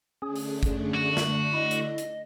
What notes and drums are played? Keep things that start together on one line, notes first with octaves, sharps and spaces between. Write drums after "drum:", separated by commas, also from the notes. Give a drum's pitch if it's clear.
D3 A3 C#4 D4 G#4
drum: open hi-hat
drum: kick, hi-hat
F#4
drum: snare
E4 D#5
drum: hi-hat
drum: hi-hat